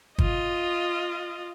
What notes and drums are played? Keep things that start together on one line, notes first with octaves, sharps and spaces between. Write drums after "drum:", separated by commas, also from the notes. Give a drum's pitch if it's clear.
F4 D#5, drum: kick G1